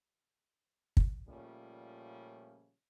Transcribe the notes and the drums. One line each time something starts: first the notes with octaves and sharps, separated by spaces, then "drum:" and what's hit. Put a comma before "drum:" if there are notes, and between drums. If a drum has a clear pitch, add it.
drum: kick
A#2 C#3 F3 G3 A3 C#4